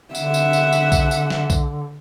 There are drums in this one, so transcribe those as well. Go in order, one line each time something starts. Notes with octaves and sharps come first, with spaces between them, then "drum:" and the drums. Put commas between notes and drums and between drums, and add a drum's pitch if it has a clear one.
D3 E5 F#5, drum: tambourine
drum: tambourine
drum: tambourine
drum: tambourine
drum: kick B1, tambourine
drum: tambourine
drum: snare
drum: kick B1, tambourine